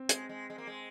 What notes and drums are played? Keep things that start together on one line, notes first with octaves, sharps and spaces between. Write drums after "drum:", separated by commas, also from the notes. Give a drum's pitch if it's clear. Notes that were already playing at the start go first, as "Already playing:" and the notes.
Already playing: C4
G#3, drum: hi-hat
G#3
G#3
A#3
G#3